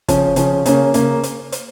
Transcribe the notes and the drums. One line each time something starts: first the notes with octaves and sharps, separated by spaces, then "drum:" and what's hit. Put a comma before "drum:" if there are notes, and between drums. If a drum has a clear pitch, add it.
C#3 F3 C#4, drum: kick, hi-hat
C#3 F3 C#4, drum: hi-hat
C#3 A#3 C#4, drum: hi-hat
C#3 A#3 C#4, drum: hi-hat
drum: hi-hat
drum: hi-hat